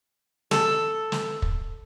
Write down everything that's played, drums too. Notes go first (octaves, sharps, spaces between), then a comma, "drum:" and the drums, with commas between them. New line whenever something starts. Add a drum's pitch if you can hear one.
A4, drum: snare
drum: snare
drum: kick